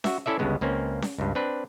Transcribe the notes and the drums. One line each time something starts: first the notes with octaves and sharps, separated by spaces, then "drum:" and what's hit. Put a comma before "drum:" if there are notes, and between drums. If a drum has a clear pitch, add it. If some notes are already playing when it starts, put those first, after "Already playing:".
F#4 E5, drum: snare C#4
C#4 E4 A4 D5 E5
G1 C#2 G2 C#3 G#3 B3
C#2 A#3 C4 C#4
drum: snare C#4
C#2 G2
C4 D4 B4